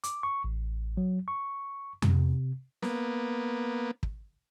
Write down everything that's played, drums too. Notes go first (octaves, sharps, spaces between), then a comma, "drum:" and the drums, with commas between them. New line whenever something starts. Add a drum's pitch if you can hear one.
D6, drum: hi-hat
C#6
A1
F#3
C#6
C3, drum: tom F2
A#3 B3, drum: snare
drum: kick